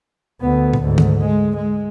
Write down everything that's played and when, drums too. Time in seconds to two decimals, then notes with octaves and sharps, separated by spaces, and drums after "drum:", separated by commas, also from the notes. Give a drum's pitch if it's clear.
0.41 D2 B3
0.73 drum: tom A#2
0.83 D2 G#2
0.98 drum: tom
1.21 G#3
1.57 G#3